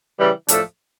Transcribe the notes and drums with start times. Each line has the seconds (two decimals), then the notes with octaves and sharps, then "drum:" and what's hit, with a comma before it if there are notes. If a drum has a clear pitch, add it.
0.18 C#3 E3 G3
0.48 A2 F3 A3 D4 A4, drum: hi-hat